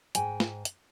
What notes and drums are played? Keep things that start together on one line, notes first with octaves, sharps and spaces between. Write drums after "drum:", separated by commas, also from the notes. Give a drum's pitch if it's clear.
G#2 G5 G#5, drum: hi-hat
drum: snare
drum: hi-hat